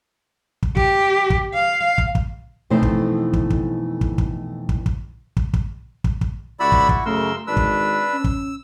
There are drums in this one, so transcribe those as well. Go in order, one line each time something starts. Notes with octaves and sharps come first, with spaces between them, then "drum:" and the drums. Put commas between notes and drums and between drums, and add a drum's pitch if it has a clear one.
drum: kick
G4, drum: kick
drum: kick
F5
drum: kick
drum: kick
F2 B2 E3 A3 D#4 C5
drum: kick
drum: kick
drum: kick
drum: kick
drum: kick
drum: kick
drum: kick
drum: kick
drum: kick
drum: kick
drum: kick
C#2 E4 F#4 D5 B5 E6
drum: kick
drum: kick
F#2 C#3 A3 A#4 C6 E6
G#1 D4 B4 E6
drum: kick
C#4
drum: kick